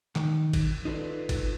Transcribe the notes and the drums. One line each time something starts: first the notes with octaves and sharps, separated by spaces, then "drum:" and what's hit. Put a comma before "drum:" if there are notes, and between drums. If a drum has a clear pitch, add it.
D#3 D#4, drum: clap
drum: kick, cymbal
D#4 F4 A4 B4 D5
drum: kick, cymbal